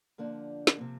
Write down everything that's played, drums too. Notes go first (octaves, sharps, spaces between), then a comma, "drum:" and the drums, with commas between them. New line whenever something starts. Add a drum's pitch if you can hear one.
D3 F3 A#3 D4
drum: snare
C3 F3 A#3